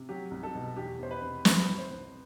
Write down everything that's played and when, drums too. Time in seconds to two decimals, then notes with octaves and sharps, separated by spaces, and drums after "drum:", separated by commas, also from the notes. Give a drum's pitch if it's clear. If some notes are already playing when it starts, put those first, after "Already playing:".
Already playing: C3
0.09 F#3 G4
0.31 C2
0.43 A4
0.55 B2
0.76 E2 G4
0.99 E2 C5
1.11 B4
1.22 C3
1.45 C2 B4, drum: snare
1.67 C2
1.79 C5
1.91 C2